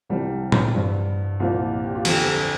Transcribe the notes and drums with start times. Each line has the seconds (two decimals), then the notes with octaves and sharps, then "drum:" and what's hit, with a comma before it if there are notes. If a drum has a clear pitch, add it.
0.09 C2 C3 F3 G3
0.52 drum: tom A2
0.75 G2 F3
1.40 C2 A#2 F3 F4
1.84 G4
1.95 F4
2.05 F2 D3 F3 G4, drum: cymbal